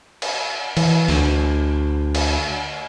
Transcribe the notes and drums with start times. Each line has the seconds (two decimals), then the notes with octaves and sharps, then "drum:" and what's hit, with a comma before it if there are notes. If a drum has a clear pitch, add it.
0.22 drum: cymbal
0.77 E3, drum: cymbal
1.08 D2, drum: open hi-hat
2.15 drum: cymbal